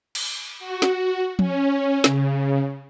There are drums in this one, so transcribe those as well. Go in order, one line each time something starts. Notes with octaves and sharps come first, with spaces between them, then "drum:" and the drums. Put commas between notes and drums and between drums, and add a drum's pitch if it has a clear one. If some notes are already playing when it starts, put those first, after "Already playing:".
drum: cymbal
F#4
drum: snare
C#4, drum: tom F3
C#3, drum: snare